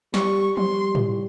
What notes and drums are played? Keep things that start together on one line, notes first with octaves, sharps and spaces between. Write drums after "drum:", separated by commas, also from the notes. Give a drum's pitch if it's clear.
G3 C#6, drum: snare
G3 C6, drum: tom F3
drum: tom A2